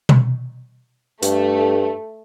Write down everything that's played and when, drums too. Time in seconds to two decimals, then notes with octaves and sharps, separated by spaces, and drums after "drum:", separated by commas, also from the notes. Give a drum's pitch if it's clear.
0.09 drum: tom B2
1.23 G2 A3, drum: hi-hat